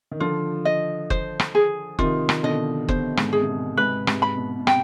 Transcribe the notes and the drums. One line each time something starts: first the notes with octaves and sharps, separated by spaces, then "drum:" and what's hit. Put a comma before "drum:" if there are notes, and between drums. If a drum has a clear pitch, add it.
D#3
D3 F3 F4
D#5
C5, drum: kick F#1
drum: rim click
G#4
C3 D#3 F4, drum: kick F#1
drum: rim click
B2 D3 D#5
B2 C5, drum: kick F#1
G#2, drum: rim click
G#4
C3
B2
G#2 C3 B4
G#2 C3, drum: rim click
B5
B2
B2
C3 G5, drum: rim click